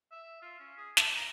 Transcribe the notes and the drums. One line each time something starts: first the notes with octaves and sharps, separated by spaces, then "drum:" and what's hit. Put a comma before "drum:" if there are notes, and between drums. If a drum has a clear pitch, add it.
E5
F4
C#4
G#4
A5, drum: snare
A#5